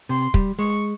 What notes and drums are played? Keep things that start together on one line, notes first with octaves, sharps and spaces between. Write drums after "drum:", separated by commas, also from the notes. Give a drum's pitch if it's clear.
C3 C6
G3, drum: kick
G#3 C#6